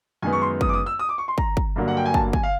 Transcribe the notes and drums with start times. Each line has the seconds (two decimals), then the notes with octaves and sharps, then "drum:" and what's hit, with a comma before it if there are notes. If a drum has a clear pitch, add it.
0.22 F#2 D#3 G#3 B3 D#4 G#5
0.33 C#6
0.42 C6
0.61 D#6, drum: kick
0.69 D6
0.74 D#6
0.86 E6
0.99 D#6
1.09 D6
1.18 C#6
1.28 C6
1.38 A#5, drum: kick
1.57 drum: kick
1.76 G2 D3 F#3 A#3
1.88 F#5
1.97 G5
2.06 G#5
2.14 A5, drum: kick
2.33 G#5, drum: kick
2.43 F5